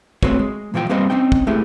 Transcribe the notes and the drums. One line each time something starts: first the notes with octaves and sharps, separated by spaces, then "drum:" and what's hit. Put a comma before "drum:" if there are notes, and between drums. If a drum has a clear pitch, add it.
A3 C4 F#4 B4 C#5, drum: kick
G#3
A#2 E3 F3 F4 G5
G3 A#3 C4 B4 C5 D#5
C4 C#4 D#4 G5
drum: kick
G#3 A3 B3 E4 G4